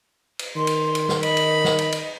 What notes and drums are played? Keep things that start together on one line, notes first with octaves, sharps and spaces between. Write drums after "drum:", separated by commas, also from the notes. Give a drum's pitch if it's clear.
drum: cymbal
D#3 C6
drum: cymbal
drum: cymbal
drum: snare
D#5 B5, drum: cymbal
drum: cymbal
drum: snare
drum: cymbal
drum: cymbal